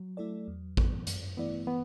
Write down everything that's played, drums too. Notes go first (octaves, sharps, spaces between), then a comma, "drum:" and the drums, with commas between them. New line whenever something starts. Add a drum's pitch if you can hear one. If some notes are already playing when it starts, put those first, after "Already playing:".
Already playing: F#3
A3 E4 A4 D5
E2
E3 B3, drum: kick A1
F#2, drum: hi-hat
E3 A3 B3 E4 D5
E3 B3